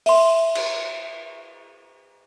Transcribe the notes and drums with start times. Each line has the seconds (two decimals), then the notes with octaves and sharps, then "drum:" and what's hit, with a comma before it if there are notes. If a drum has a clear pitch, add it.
0.06 E5 C6, drum: open hi-hat
0.55 drum: cymbal